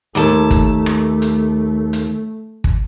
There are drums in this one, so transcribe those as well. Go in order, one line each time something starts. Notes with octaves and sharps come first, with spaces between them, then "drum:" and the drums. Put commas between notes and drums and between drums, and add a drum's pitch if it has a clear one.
D#2 A3 A5
drum: kick, hi-hat
drum: rim click
drum: hi-hat
drum: hi-hat
drum: kick